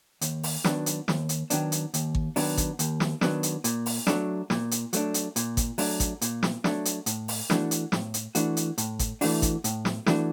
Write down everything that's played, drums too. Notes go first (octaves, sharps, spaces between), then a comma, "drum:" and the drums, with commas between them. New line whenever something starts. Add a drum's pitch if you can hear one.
D#2, drum: hi-hat
drum: open hi-hat
D#3 F#3 B3 D4, drum: snare
drum: hi-hat
D#2, drum: snare
drum: hi-hat
D#3 F#3 B3 D4, drum: hi-hat
drum: hi-hat
D#2, drum: hi-hat
drum: kick G#1
D#3 F#3 B3 D4, drum: open hi-hat
drum: kick G#1, hi-hat
D#2, drum: hi-hat
drum: snare
D#3 F#3 B3 D4, drum: snare
drum: hi-hat
A#2, drum: hi-hat
drum: open hi-hat
F#3 A3 D4, drum: snare
A#2, drum: snare
drum: hi-hat
F#3 A3 D4, drum: hi-hat
drum: hi-hat
A#2, drum: hi-hat
drum: kick G#1, hi-hat
F#3 A3 D4, drum: open hi-hat
drum: kick G#1, hi-hat
A#2, drum: hi-hat
drum: snare
F#3 A3 D4, drum: snare
drum: hi-hat
A2, drum: hi-hat
drum: open hi-hat
E3 A3 D4 F#4, drum: snare
drum: hi-hat
A2, drum: snare
drum: hi-hat
E3 A3 D4 F#4, drum: hi-hat
drum: hi-hat
A2, drum: hi-hat
drum: kick G#1, hi-hat
E3 A3 D4 F#4, drum: open hi-hat
drum: kick G#1, hi-hat
A2, drum: hi-hat
drum: snare
E3 A3 D4 F#4, drum: snare